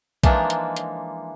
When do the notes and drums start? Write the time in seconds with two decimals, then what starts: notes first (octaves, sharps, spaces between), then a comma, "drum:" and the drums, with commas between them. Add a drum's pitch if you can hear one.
0.24 E3 F3 G#3 A#3 D4 D#4, drum: kick A#1, hi-hat
0.50 drum: hi-hat
0.77 drum: hi-hat